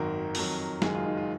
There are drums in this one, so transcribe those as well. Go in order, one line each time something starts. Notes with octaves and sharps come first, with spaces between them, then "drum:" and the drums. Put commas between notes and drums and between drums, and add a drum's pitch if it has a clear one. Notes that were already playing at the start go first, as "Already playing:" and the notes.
Already playing: G#1 F#2 D#3 A#4
F2 D#3 F#3, drum: open hi-hat
F#1 F#2 D#3 G#3 G#4, drum: snare
F4
D#4
F4